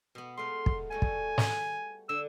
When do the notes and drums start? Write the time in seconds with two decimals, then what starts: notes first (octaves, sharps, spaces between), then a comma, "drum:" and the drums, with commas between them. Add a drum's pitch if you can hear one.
0.15 B2 B3
0.37 G#3 A3 F5 C6
0.66 drum: kick
0.91 G3 A3 F#4 G#5
1.02 drum: kick
1.38 drum: snare
2.09 D3 E6